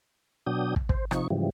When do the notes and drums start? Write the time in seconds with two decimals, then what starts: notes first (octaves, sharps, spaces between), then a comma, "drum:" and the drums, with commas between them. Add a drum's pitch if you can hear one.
0.46 B2 F#3 D4 G5 D#6
0.76 drum: kick
0.89 C5, drum: kick
1.11 C3 F3 D#4 C#6, drum: rim click
1.30 G#2 C#3 E3 F3 G3